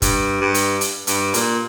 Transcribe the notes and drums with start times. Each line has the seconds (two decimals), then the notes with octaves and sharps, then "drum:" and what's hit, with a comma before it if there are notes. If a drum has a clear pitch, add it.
0.02 G2, drum: kick F#1, hi-hat
0.41 G2
0.54 drum: hi-hat
0.81 drum: hi-hat
1.07 G2, drum: hi-hat
1.34 A#2, drum: hi-hat